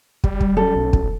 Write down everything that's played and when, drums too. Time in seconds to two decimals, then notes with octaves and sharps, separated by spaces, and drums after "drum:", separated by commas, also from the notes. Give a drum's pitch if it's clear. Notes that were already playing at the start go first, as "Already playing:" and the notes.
0.24 G3, drum: kick
0.40 drum: kick
0.57 F#3 G3 C#4 A4
0.76 B1
0.93 drum: kick